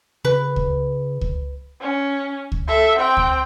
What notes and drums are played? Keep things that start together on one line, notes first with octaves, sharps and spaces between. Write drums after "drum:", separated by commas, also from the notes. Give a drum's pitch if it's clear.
C#3 B4
drum: kick C#2
drum: kick C#2
C#4
drum: kick C#2
A4 E5
C4 G5
drum: kick C#2